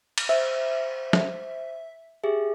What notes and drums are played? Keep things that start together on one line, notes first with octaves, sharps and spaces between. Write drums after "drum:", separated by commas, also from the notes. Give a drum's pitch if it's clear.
drum: cymbal
C5 E5
drum: snare
G4 G#4 E5